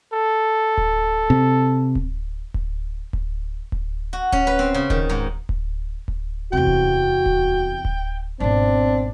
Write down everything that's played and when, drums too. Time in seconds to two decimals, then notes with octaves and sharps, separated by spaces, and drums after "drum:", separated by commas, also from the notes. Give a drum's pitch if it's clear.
0.13 A4
0.77 drum: kick D1
1.30 C3
1.95 drum: kick D1
2.54 drum: kick D1
3.13 drum: kick D1
3.72 drum: kick D1
4.13 F#4
4.32 C#4, drum: kick D1
4.47 B4
4.59 C4
4.74 C#3
4.90 D#3, drum: kick D1
5.10 G#2
5.49 drum: kick D1
6.08 drum: kick D1
6.53 E2 C3 F#4 G5
6.67 drum: kick D1
7.26 drum: kick D1
7.85 drum: kick D1
8.40 G#1 B2 C4 D4